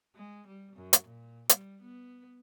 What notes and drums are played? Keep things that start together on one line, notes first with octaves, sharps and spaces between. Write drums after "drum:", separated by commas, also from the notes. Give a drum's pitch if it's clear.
G#3
G3
F#2
drum: hi-hat
A#2
G3, drum: hi-hat
B3